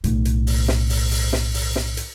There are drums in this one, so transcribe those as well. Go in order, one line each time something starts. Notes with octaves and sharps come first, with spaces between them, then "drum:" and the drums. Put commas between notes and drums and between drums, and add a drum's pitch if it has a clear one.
B1 A2, drum: hi-hat
drum: hi-hat
drum: open hi-hat
drum: snare
drum: open hi-hat
drum: open hi-hat
drum: snare
drum: open hi-hat
drum: snare
drum: hi-hat